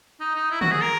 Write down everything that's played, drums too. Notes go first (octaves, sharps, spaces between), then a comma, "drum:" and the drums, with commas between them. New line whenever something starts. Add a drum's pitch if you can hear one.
D#4
D#4
E4
F#4, drum: tom
G#4
A#4